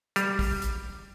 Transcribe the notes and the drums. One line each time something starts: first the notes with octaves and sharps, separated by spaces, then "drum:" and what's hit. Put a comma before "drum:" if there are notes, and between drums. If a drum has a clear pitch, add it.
G3, drum: hi-hat
drum: kick, open hi-hat
drum: hi-hat